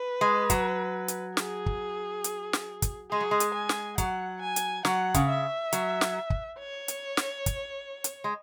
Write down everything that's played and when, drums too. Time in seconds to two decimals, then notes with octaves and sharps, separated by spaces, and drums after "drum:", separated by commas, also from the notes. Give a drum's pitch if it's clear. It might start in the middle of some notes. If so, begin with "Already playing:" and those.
Already playing: B4
0.21 G#3
0.50 F#3, drum: kick, hi-hat
1.08 drum: hi-hat
1.37 G#4, drum: snare
1.66 drum: kick
2.24 drum: hi-hat
2.53 drum: snare
2.82 drum: kick, hi-hat
3.11 G#3 G#4
3.20 F#3
3.31 G#3
3.40 drum: hi-hat
3.54 G#5
3.69 drum: snare
3.98 F#3 F#5, drum: kick, hi-hat
4.42 G#5
4.56 drum: hi-hat
4.85 F#3 F#5, drum: snare
5.14 C#3, drum: kick, hi-hat
5.29 E5
5.73 F#3, drum: hi-hat
6.01 drum: snare
6.30 drum: kick
6.59 C#5
6.88 drum: hi-hat
7.17 drum: snare
7.46 drum: kick, hi-hat
8.04 drum: hi-hat
8.24 G#3